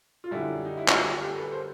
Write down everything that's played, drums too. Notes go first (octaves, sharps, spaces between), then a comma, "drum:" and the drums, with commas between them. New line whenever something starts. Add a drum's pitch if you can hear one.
F4
F#2 D3 G3 E4
D#4
E4
F#4, drum: clap
D#4 F4
F4 G4
G4 A4
A4 B4
A#4 C5